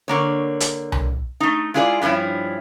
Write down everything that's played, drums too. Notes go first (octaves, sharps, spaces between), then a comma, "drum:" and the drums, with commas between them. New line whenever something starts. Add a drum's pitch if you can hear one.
D3 A#3 C#5
drum: hi-hat
drum: tom C2
A3 D#4
G#3 E4 F4 G#4 B4 D5
G2 F3 A#3 C#4 E4